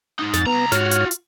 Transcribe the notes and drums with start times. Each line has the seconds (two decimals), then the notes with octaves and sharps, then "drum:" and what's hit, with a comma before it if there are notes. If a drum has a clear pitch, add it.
0.19 G#2 D#4
0.33 F2 A6, drum: snare
0.46 C2 B3 A#5
0.72 G#2 F4 F#4 C#5 F6, drum: snare
0.91 drum: hi-hat
1.11 drum: hi-hat